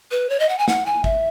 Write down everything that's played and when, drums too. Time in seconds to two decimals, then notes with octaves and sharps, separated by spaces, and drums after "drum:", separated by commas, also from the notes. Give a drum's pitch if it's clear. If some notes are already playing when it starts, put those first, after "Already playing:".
0.11 B4
0.30 C#5
0.40 D#5
0.49 F#5
0.58 G#5
0.68 F#5, drum: snare
0.86 G#5
1.04 E5, drum: kick